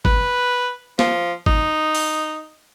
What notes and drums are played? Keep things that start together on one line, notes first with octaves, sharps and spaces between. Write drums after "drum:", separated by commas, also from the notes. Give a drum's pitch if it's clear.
B4, drum: kick G1
F3, drum: snare
D#4, drum: kick G1
drum: open hi-hat